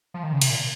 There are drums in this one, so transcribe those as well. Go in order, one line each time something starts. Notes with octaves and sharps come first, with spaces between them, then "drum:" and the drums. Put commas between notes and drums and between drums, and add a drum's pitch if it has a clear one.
F3
D#3
C#3
C3, drum: cymbal
A#2